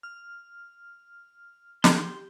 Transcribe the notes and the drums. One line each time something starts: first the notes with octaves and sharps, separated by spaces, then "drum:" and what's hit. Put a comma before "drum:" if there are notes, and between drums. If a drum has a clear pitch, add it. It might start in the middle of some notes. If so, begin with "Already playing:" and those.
F6
G4 C6, drum: snare